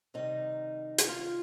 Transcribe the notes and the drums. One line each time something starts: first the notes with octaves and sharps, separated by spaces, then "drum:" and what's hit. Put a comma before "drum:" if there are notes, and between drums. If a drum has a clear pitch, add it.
C3 D#3 G3 D#4 D#5
drum: hi-hat
F4 F5